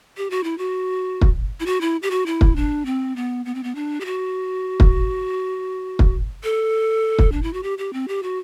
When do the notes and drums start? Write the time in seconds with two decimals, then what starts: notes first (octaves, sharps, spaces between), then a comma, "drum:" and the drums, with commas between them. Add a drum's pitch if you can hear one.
0.17 G4
0.30 F#4
0.44 E4
0.58 F#4
1.21 drum: kick
1.60 E4
1.66 F#4
1.81 E4
2.03 G4
2.11 F#4
2.26 E4
2.41 drum: kick
2.56 D4
2.86 C4
3.16 B3
3.45 B3
3.55 C4
3.63 B3
3.75 D4
4.01 G4
4.05 F#4
4.80 drum: kick
5.99 drum: kick
6.44 A4
7.19 drum: kick
7.32 D4
7.43 E4
7.53 F#4
7.63 G4
7.78 G4
7.93 C4
8.08 G4
8.23 F#4